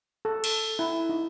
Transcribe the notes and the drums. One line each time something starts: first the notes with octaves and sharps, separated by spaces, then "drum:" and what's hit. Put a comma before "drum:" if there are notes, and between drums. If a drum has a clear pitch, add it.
A4
drum: cymbal
E4
D#4